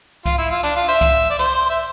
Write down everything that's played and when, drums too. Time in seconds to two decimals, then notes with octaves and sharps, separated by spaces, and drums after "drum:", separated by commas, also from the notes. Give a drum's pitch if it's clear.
0.26 F4, drum: kick C2, hi-hat
0.38 E4
0.51 F4
0.63 D4, drum: hi-hat
0.76 F4
0.88 C5 E5
1.01 drum: kick C2, hi-hat
1.30 D5
1.39 C5, drum: hi-hat
1.70 E5